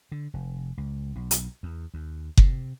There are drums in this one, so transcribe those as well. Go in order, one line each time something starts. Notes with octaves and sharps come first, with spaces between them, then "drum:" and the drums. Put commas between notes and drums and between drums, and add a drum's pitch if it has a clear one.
D3
F1
C#2
B1
drum: hi-hat
E2
D#2
C3, drum: kick F#1